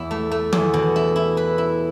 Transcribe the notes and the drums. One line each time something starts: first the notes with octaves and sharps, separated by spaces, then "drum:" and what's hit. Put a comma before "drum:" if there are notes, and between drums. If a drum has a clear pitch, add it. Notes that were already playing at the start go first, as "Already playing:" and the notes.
Already playing: E2 E4
A3
A3
E2, drum: tom D#3
B2
E4
E4
B4
E4